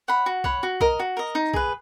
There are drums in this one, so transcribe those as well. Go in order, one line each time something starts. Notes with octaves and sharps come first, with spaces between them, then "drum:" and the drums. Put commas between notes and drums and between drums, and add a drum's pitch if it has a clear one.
C#5 F#5 B5
F#4
C#5 F#5 B5, drum: kick B1
F#4
A#4 D#5, drum: kick B1
F#4
A#4 D#5
D#4
G#4 B4, drum: kick B1